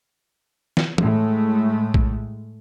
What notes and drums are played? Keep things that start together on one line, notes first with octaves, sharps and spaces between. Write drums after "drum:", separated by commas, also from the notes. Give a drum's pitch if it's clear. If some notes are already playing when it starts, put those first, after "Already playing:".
drum: snare
A2 G#3 A3, drum: tom E3
drum: kick